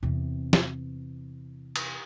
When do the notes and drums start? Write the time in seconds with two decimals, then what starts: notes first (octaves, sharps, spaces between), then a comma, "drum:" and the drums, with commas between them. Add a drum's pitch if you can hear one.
0.03 E2 C3
0.53 drum: snare
1.76 drum: cymbal